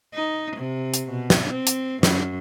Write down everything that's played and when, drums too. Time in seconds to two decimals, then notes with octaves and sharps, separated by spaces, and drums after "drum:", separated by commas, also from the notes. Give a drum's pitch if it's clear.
0.14 D#4
0.57 C3
0.94 drum: hi-hat
1.10 B2
1.30 drum: snare
1.50 C4
1.67 drum: hi-hat
2.03 F#2, drum: snare